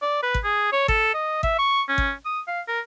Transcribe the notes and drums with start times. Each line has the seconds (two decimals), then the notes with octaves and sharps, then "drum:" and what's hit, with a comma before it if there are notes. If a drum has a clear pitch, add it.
0.02 D5
0.23 B4
0.34 drum: kick
0.44 G#4
0.72 C#5
0.88 A4, drum: kick
1.14 D#5
1.43 E5, drum: kick
1.59 C#6
1.89 C#4
1.98 drum: kick
2.25 D#6
2.48 F5
2.68 A#4